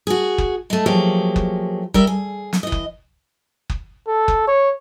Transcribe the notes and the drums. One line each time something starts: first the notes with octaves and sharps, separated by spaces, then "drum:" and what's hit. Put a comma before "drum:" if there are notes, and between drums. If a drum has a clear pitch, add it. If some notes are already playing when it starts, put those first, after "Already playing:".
F#4 G#4
drum: kick F#1
G#3 A3
F3 F#3 A3 A#3 G4 G#4
drum: kick F#1
G3 A#4 E5, drum: kick F#1
G#4
drum: snare
E3 D#5
drum: kick F#1
drum: kick F#1
A4
drum: kick F#1
C#5